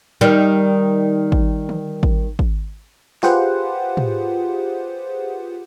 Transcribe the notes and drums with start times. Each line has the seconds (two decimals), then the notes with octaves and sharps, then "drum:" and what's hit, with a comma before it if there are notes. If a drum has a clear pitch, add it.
0.21 D#3 G3
1.32 drum: kick G#1
1.69 drum: tom
2.03 drum: kick G#1
2.39 drum: kick G#1
3.23 F4 G4 G#4 B4 C5 F#5, drum: snare
3.97 drum: tom